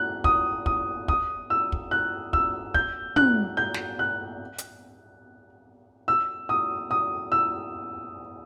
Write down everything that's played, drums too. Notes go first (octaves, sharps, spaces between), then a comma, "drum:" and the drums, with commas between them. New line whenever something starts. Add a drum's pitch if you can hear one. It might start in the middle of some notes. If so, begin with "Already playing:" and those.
Already playing: F#6
D#6, drum: kick
D#6, drum: kick
D#6, drum: kick
E6
drum: kick
F#6
E6, drum: kick
G6, drum: kick
F#6, drum: tom
G6
drum: snare
F#6
drum: hi-hat
E6
D#6
D#6
E6